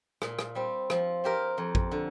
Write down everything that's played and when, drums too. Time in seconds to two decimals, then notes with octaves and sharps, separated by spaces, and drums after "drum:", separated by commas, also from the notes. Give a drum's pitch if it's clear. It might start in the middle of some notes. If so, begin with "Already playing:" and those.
0.22 A#2, drum: rim click
0.39 drum: rim click
0.55 G3 C4
0.90 F3, drum: rim click
1.24 C4 G4 A#4
1.58 F2
1.75 drum: kick
1.92 D3